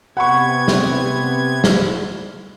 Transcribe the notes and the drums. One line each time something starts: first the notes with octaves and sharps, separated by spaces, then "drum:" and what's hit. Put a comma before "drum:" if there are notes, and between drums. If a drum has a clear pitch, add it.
C3 B3 F#5 B5 C#6 G#6
drum: snare
drum: snare